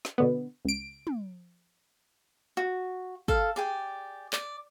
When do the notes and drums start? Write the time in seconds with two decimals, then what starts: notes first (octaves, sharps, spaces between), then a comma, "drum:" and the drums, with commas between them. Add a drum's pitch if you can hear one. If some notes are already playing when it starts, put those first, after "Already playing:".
0.05 drum: snare
0.18 B2 D3 B3
0.65 C#2 D7
1.07 drum: tom
2.57 F#4
3.28 A4 F5, drum: kick
3.56 G4 G#4 D5
4.33 D5, drum: clap